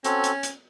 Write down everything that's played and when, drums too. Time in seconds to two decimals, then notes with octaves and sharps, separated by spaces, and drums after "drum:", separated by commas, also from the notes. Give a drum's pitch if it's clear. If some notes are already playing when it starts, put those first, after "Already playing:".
0.04 C4 C#4 F#4 A4, drum: hi-hat
0.24 drum: hi-hat
0.43 drum: hi-hat